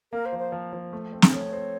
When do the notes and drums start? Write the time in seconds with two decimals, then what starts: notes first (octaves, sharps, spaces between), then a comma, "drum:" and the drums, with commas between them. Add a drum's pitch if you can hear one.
0.12 A#3 A#4
0.26 C5
0.32 F3
0.39 C5
0.52 F3
0.73 F3
0.93 A3
1.13 C4
1.22 drum: snare
1.33 A3 C#5
1.53 C4